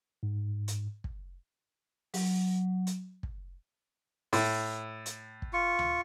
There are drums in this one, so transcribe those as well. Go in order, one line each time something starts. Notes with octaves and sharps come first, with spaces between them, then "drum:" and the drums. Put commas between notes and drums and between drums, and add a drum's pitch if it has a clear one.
G#2
drum: hi-hat
drum: kick
F#3, drum: open hi-hat
drum: hi-hat
drum: kick
A2, drum: open hi-hat
drum: hi-hat
drum: kick
F4 C#6
drum: tom D2